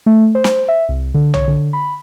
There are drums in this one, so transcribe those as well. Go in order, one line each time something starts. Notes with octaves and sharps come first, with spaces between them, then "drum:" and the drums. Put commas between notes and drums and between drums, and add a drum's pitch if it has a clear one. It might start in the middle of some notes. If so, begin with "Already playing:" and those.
A3
C5
drum: snare
E5
C2
D3
C#5, drum: tom B1
D3
B5